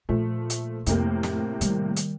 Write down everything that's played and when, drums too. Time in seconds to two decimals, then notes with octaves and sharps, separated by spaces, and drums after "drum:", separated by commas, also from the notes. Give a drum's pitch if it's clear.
0.09 A#2 F3 A3
0.50 drum: hi-hat
0.87 F2 A2 C3 A#3, drum: hi-hat
1.23 drum: snare
1.61 D#3 G3, drum: hi-hat
1.97 drum: hi-hat